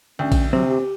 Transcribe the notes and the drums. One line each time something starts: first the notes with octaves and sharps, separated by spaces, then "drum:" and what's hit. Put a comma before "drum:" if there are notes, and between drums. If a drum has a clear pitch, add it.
D2 C#4 G5
drum: kick A#1, cymbal
C3 F#3 C4
G4